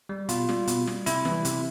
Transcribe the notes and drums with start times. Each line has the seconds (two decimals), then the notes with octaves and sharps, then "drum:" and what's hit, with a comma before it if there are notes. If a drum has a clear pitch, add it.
0.09 G3
0.29 B2 F4, drum: hi-hat
0.49 G3, drum: snare
0.67 B2, drum: hi-hat
0.87 G3, drum: snare
1.06 C3 E4, drum: hi-hat
1.25 E3 G3, drum: snare
1.45 C3, drum: hi-hat